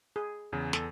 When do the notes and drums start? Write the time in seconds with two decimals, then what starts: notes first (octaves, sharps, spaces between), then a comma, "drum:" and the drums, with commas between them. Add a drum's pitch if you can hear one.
0.16 G#4
0.52 E2 C#3
0.73 E2 A4, drum: snare